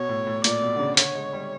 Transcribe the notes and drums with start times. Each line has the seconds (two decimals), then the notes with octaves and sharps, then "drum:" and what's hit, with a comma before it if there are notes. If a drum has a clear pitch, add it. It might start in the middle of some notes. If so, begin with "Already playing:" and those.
Already playing: B2 C#5
0.09 A2
0.27 A2
0.44 A#2 D5, drum: hi-hat
0.62 B2
0.76 D3
0.80 C#3
0.97 D3 C#5, drum: hi-hat
1.15 G#3
1.33 G3